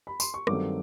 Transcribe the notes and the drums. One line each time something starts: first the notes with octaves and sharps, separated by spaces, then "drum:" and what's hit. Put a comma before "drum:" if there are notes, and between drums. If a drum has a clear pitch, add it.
B5
C6, drum: tambourine
C#6
G2 D#3 F#3 A3 C4 D6, drum: rim click